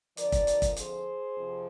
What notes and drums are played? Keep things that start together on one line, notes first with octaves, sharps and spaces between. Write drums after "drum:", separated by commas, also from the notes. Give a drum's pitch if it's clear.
F2 D3 F3 A#4 D5, drum: hi-hat
drum: kick, hi-hat
drum: hi-hat
drum: kick, hi-hat
G#4 C5, drum: hi-hat
F2 C3